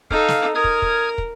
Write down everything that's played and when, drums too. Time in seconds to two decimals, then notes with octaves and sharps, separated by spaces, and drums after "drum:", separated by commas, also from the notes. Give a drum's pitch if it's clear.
0.10 D#4 A4 F5, drum: kick
0.28 drum: snare
0.55 A#4 D#6 F6 G#6
0.64 drum: kick
0.82 drum: kick
1.18 drum: kick